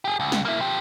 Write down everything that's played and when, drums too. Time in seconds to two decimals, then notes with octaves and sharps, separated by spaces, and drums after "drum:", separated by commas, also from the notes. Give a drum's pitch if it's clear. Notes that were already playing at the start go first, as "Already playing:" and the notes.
0.05 G4 G#4
0.20 C#2
0.32 drum: snare
0.45 A#3 E4
0.60 F3 G4